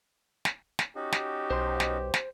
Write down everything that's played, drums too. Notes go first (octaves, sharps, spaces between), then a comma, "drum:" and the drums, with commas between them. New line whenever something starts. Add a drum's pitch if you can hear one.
drum: snare
drum: snare
C#4 D#4 F#4 G4
drum: snare
B1 C5 C6
drum: snare
drum: snare